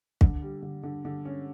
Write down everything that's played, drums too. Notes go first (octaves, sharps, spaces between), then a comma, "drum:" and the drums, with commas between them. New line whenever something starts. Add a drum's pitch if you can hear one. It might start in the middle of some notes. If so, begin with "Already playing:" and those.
D3, drum: kick
G3
D3
D3
D3
C#4